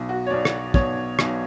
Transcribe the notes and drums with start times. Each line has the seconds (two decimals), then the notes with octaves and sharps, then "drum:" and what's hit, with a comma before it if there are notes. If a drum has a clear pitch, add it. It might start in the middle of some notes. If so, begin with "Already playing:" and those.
Already playing: B1 B2
0.09 F#4
0.26 C#5
0.30 B1 B2 D5
0.45 drum: rim click
0.74 B1 B2 C#5, drum: kick
1.19 B1 B2, drum: rim click